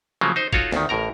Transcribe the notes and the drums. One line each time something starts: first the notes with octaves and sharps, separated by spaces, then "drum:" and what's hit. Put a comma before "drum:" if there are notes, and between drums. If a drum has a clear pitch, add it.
C#3 F3 F#3 A3 A#3
D#4 C5
D#4 F4 F#4 A4 C#5 F5, drum: kick
D2 D#3, drum: snare
A1 A2 A#4 A#5